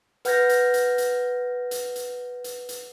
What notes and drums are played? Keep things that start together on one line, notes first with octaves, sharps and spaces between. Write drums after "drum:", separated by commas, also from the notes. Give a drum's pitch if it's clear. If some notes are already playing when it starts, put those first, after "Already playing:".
B4 F#5 F6 G6 G#6 A#6, drum: hi-hat
drum: hi-hat
drum: hi-hat
drum: hi-hat
drum: hi-hat
drum: hi-hat
drum: hi-hat
drum: hi-hat